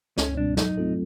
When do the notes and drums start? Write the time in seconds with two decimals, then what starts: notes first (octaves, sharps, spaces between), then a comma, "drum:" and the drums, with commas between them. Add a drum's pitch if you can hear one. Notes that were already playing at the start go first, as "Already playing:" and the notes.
0.18 C#2 C#4, drum: snare
0.37 B2 G3 C4 D4
0.57 F#3 D#4, drum: snare
0.77 A3 C4 F4 A4